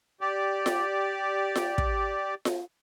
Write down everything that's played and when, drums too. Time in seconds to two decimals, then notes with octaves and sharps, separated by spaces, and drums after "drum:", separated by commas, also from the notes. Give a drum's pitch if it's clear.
0.21 G4 D5
0.66 drum: snare F4
1.56 drum: snare F4
1.78 drum: kick
2.45 drum: snare F4